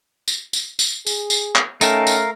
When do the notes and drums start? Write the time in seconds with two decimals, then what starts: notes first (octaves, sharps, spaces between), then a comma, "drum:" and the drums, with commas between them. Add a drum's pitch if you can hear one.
0.28 drum: tambourine
0.53 drum: tambourine
0.79 drum: tambourine
1.07 G#4, drum: tambourine
1.30 drum: tambourine
1.56 drum: clap
1.81 A3 C#4 D#4 A#4 F5 G5 A5, drum: tambourine
2.07 drum: tambourine